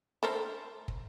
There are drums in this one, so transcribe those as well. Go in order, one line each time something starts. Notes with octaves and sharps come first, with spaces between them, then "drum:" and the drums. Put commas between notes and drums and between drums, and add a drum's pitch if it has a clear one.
A4 A#4 C5, drum: snare D4
drum: kick